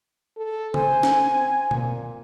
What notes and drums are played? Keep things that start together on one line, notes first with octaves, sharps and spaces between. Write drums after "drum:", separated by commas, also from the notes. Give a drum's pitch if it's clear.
A4
C5 G#5, drum: tom
drum: snare
C4
A#2, drum: tom B2